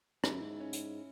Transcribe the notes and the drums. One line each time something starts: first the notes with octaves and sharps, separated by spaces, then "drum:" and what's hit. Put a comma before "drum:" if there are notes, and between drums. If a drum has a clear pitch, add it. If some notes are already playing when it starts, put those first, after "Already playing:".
G#2 E4, drum: rim click
F#2
G#2
C#4
drum: hi-hat